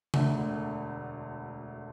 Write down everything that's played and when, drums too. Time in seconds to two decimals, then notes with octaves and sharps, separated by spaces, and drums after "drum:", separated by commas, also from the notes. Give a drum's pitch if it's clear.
0.14 E1 D2 D3 A3, drum: tom C#3